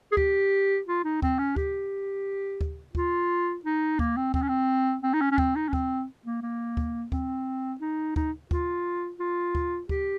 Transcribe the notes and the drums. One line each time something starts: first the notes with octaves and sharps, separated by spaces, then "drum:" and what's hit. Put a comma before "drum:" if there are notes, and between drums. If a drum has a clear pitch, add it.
G#4
G4, drum: kick D2
F4
D#4
C4, drum: kick D2
C#4
G4, drum: kick D2
drum: kick D2
F4, drum: kick D2
D#4
A#3, drum: kick D2
C4
C4, drum: kick D2
C#4
C4
C4
D#4
C#4
C#4
C4, drum: kick D2
D#4
C#4
C4, drum: kick D2
A#3
A#3
drum: kick D2
C4, drum: kick D2
D#4
D#4, drum: kick D2
F4, drum: kick D2
F4
drum: kick D2
G4, drum: kick D2